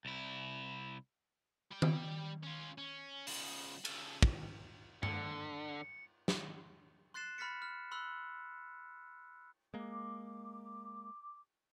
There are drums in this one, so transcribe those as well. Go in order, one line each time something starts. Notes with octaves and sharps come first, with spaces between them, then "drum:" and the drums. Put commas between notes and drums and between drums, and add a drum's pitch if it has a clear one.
C2 E4
G3 G5
drum: tom D#3
C#4 F4
C#4
C#3 F3, drum: open hi-hat
C#3 A4, drum: cymbal
drum: kick
D3 C#7, drum: tom G2
drum: snare
C6 F#6 A6 C7 E7
B5 F6 A6 B6 C#7
F6
B5 C6 E6 F#6
G#3 A#3 D6